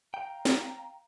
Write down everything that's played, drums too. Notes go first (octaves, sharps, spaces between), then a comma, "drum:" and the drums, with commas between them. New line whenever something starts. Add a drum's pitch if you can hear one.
F5 G5 A#5
drum: snare